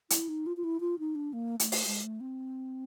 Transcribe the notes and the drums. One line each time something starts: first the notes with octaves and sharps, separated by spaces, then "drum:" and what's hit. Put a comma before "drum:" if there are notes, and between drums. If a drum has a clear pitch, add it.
E4, drum: hi-hat
D#4
F4
F4
E4
F4
D#4
D4
A#3
A3, drum: hi-hat
drum: open hi-hat
G#3
A3
C4